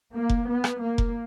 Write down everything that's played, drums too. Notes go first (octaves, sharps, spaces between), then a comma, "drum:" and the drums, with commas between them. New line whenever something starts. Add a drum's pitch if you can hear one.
A#3
drum: kick F1
B3
drum: rim click
A#3
drum: kick F1